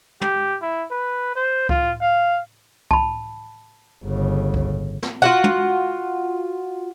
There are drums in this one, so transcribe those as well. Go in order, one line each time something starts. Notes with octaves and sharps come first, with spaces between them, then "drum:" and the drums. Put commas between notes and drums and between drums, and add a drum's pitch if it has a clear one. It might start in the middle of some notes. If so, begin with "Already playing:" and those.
G4, drum: tom
E4
B4
C5
F4, drum: kick C#2
F5
A5 B5, drum: kick C#2
G1 C#3
drum: kick C#2
drum: snare
F4 F#4 F#5
drum: tom